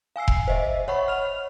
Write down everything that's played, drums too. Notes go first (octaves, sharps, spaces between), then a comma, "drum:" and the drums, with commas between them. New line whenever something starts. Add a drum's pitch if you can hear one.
F5 G#5 E6 C7
drum: kick F1
C5 D#5 E5
C#5 F#5 B5 C#6
F6 F7